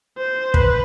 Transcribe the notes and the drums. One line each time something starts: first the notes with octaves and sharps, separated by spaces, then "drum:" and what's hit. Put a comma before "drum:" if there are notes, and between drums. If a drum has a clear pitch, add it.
C5
B4, drum: kick